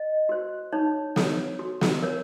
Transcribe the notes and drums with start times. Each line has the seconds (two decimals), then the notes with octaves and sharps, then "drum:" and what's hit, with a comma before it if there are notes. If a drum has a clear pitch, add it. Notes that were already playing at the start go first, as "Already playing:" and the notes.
Already playing: D#5
0.29 F#4 C5
0.72 D#4 C#5
1.16 A4 C#5, drum: snare
1.59 F#4
1.81 drum: snare
2.02 A#4 C#5